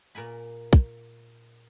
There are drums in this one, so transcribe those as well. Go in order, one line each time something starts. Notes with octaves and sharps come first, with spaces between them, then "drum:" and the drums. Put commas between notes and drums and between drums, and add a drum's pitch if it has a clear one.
A#2 A#4 G#5 B5
drum: kick